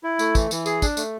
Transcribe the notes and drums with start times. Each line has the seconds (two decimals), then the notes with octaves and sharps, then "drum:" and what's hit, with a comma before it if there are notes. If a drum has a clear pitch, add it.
0.04 E4
0.19 A3, drum: tambourine
0.35 E3, drum: kick, tambourine
0.51 E3, drum: tambourine
0.66 G#4, drum: tambourine
0.82 D4, drum: kick, tambourine
0.97 A3, drum: tambourine